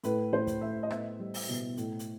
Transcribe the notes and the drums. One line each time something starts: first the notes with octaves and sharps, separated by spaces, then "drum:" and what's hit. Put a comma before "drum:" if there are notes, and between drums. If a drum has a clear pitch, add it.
A2 B4, drum: hi-hat
A2 C5
drum: kick, hi-hat
A2 E5
D#5
B3 E5, drum: rim click
G3
drum: open hi-hat
B2
A2, drum: hi-hat
drum: hi-hat